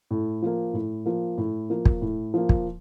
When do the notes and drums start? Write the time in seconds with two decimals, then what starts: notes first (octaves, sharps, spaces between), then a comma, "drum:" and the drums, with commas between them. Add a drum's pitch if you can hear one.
0.11 A2
0.42 F3 A#3
0.73 A2
1.06 F3 A#3
1.38 A2
1.70 F3 A#3
1.85 drum: kick
2.01 A2
2.34 F3 A#3
2.49 drum: kick